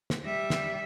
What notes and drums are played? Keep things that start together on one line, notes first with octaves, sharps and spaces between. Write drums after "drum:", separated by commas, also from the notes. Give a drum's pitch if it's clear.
drum: snare
G3 E5
drum: snare